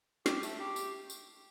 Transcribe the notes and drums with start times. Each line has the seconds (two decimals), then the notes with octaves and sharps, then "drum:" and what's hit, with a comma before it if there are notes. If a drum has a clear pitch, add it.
0.26 G4, drum: snare
0.43 A3, drum: tambourine
0.59 G4
0.76 drum: tambourine
1.10 drum: tambourine